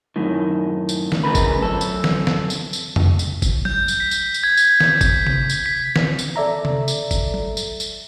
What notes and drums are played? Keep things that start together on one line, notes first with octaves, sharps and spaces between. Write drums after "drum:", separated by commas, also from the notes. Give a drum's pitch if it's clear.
F#2 A2 D#3
drum: tambourine
drum: snare
D2 C#3 A#4 B4 B5
drum: kick G1, tambourine
F#2 A4
drum: tambourine
drum: snare
drum: snare
drum: tambourine
drum: tambourine
drum: tom F2
drum: tambourine
drum: kick G1, tambourine
G6, drum: tom F#3
drum: tambourine
B6
drum: tambourine
drum: tambourine
G#6
drum: tambourine
drum: snare
B6, drum: kick G1, tambourine
drum: tom C3
drum: tambourine
B6
drum: snare
drum: tambourine
A4 D5 E5 A#5
drum: tom C3
drum: tambourine
drum: kick G1, tambourine
drum: tom F#3
drum: tambourine
drum: tambourine